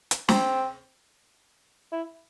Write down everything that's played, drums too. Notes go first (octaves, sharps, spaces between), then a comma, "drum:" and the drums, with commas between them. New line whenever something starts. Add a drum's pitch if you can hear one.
drum: hi-hat
C4, drum: snare
E4